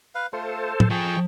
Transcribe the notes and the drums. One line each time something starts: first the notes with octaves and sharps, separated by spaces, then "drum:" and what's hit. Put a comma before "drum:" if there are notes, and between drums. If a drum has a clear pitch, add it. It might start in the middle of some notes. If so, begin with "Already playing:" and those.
B4 F5
A3 F4 A4 C5
drum: tom
F3 G#4 A4 G5 C#6